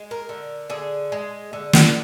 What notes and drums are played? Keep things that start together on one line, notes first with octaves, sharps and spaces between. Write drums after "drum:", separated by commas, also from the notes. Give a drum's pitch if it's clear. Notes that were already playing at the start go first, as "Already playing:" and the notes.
Already playing: G#3
A#4
D3
D3 G#4
G#3
D3
drum: snare